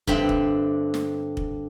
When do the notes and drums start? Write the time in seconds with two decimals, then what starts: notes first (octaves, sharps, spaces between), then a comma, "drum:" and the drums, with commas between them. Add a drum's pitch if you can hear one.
0.07 G2 D3 C4 E5 G5 B5, drum: kick
0.29 drum: kick
0.94 drum: snare
1.37 drum: kick